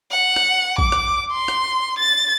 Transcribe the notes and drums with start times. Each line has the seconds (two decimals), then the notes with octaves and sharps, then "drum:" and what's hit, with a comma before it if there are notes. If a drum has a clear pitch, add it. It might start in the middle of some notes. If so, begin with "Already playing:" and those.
0.11 F#5
0.36 drum: rim click
0.78 D6, drum: kick A1
0.92 drum: rim click
1.31 C6
1.48 drum: rim click
1.98 A6